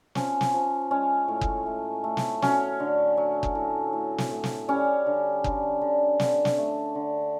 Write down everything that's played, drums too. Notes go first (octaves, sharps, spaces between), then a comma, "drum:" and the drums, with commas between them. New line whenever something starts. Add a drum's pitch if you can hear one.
F3 C#4, drum: snare
drum: snare
F3
G#3 C#4
A2
drum: kick F#1
A3
A3
drum: snare
F#3 C#4, drum: snare
D3
F#3
drum: kick F#1
A2
A2
drum: snare
A2
drum: snare
G3 C#4
D3
D3, drum: kick F#1
D3
D3, drum: snare
drum: snare
A3
D3